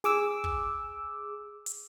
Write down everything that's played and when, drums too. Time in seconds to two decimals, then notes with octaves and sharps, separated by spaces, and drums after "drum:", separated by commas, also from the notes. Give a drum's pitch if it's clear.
0.04 G#4 D6 E6, drum: snare
0.44 drum: kick
1.66 drum: hi-hat